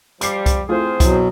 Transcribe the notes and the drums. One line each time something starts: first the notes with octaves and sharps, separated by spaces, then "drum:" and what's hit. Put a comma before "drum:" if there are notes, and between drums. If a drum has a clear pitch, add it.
F3 G3 D6 C7, drum: hi-hat
drum: kick C2, hi-hat
A3 C4 E4 F4 G#4 C5
B2 F#3 E4, drum: kick C2, hi-hat